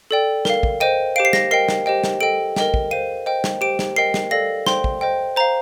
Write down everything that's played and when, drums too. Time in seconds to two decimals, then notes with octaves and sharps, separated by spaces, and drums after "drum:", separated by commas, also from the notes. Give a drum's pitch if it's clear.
0.11 A4 D5 G5
0.45 A#4 F5, drum: snare
0.63 drum: kick
0.80 C5 D#5 G5 D#7
1.16 G4 C5 F5 D7
1.25 C7
1.33 A#6, drum: snare
1.51 A#4 D#5 G5 C7
1.69 drum: snare
1.86 G4 C5 D#5 G5
2.04 drum: snare
2.21 A4 D#5 G5 D7
2.56 A#4 D#5 G5, drum: snare
2.74 drum: kick
2.91 C5 F5 D#7
3.26 C5 D#5 G5
3.44 drum: snare
3.61 G4 C5 G5 D7
3.79 drum: snare
3.96 A#4 D#5 G5 C7
4.14 drum: snare
4.31 A4 D5 F5 A#6
4.67 C5 G5 C6, drum: snare
4.84 drum: kick
5.01 C5 D#5 G5
5.36 C5 F5 A#5